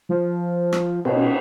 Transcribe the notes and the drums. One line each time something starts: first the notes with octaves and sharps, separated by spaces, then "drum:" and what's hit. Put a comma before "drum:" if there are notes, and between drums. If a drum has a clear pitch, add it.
F3
drum: rim click
B2, drum: cymbal